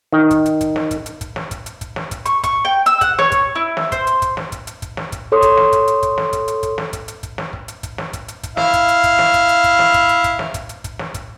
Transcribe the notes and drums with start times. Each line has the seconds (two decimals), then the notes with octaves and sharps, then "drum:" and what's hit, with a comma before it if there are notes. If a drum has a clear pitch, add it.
0.13 D#3
0.31 drum: kick, hi-hat
0.46 drum: hi-hat
0.61 drum: kick, hi-hat
0.76 drum: snare
0.91 drum: kick, hi-hat
1.06 drum: hi-hat
1.21 drum: kick, hi-hat
1.36 drum: snare
1.51 drum: kick, hi-hat
1.66 drum: hi-hat
1.81 drum: kick, hi-hat
1.96 drum: snare
2.11 drum: kick, hi-hat
2.26 C#6, drum: hi-hat
2.44 C#6, drum: kick, hi-hat
2.65 G5
2.86 E6, drum: hi-hat
3.01 F#5, drum: kick, hi-hat
3.19 C#5, drum: snare
3.32 drum: kick, hi-hat
3.55 E4
3.77 drum: snare
3.92 C5, drum: kick, hi-hat
4.07 drum: hi-hat
4.22 drum: kick, hi-hat
4.37 drum: snare
4.52 drum: kick, hi-hat
4.67 drum: hi-hat
4.82 drum: kick, hi-hat
4.97 drum: snare
5.12 drum: kick, hi-hat
5.32 A4 C#5 C6 D6 D#6
5.42 drum: kick, hi-hat
5.57 drum: snare
5.72 drum: kick, hi-hat
5.88 drum: hi-hat
6.03 drum: kick, hi-hat
6.18 drum: snare
6.33 drum: kick, hi-hat
6.48 drum: hi-hat
6.63 drum: kick, hi-hat
6.78 drum: snare
6.93 drum: kick, hi-hat
7.08 drum: hi-hat
7.23 drum: kick, hi-hat
7.38 drum: snare
7.53 drum: kick
7.68 drum: hi-hat
7.83 drum: kick, hi-hat
7.98 drum: snare
8.13 drum: kick, hi-hat
8.28 drum: hi-hat
8.43 drum: kick, hi-hat
8.57 E4 F5, drum: snare
8.74 drum: kick, hi-hat
8.89 drum: hi-hat
9.04 drum: kick, hi-hat
9.19 drum: snare
9.34 drum: kick, hi-hat
9.49 drum: hi-hat
9.64 drum: kick, hi-hat
9.79 drum: snare
9.94 drum: kick, hi-hat
10.09 drum: hi-hat
10.24 drum: kick, hi-hat
10.39 drum: snare
10.54 drum: kick, hi-hat
10.69 drum: hi-hat
10.84 drum: kick, hi-hat
10.99 drum: snare
11.14 drum: kick, hi-hat